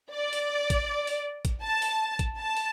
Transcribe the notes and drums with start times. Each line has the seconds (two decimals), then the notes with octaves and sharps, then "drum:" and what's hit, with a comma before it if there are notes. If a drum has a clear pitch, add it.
0.14 D5
0.33 drum: open hi-hat
0.70 drum: kick, hi-hat
1.07 drum: open hi-hat
1.45 drum: kick, hi-hat
1.63 A5
1.82 drum: open hi-hat
2.19 drum: kick, hi-hat
2.38 A5
2.57 drum: open hi-hat